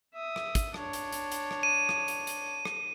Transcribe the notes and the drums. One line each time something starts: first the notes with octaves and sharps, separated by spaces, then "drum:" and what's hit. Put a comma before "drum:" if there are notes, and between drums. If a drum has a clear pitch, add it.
E5 D#6
drum: rim click
drum: kick, hi-hat
D4 C#5, drum: rim click
drum: hi-hat
drum: hi-hat
drum: hi-hat
drum: rim click
D#7
drum: rim click
drum: hi-hat
drum: hi-hat
drum: rim click